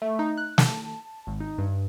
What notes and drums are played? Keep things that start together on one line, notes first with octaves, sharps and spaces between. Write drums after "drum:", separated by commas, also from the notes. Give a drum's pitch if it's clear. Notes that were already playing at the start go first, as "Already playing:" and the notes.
A3
D#4
F#6
A5, drum: snare
G#1
D#4
G2